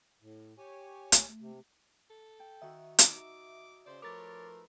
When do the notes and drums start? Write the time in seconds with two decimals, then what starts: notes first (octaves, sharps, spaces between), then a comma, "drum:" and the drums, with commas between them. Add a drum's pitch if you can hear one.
0.22 A2
0.58 G4 C#5 G#5
1.12 A3, drum: hi-hat
1.40 C3
2.10 A4
2.40 G5
2.62 D#3 F#4 E5
2.99 D#4 D6 E6, drum: hi-hat
3.86 C#3 C5 D5
4.02 F3 A3 A#4 B4 C#5 D6 A6